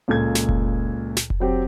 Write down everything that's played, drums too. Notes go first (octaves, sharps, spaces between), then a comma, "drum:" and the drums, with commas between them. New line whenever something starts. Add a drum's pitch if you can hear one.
C#2 A#2 A4 G#6
drum: snare
drum: kick F1
drum: snare
drum: kick F1
F#3 C4 G4